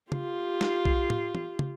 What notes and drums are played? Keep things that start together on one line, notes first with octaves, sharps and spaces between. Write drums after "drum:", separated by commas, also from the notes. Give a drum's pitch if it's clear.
F4 G4, drum: tom
drum: snare
drum: kick B1
drum: tom
drum: tom
drum: tom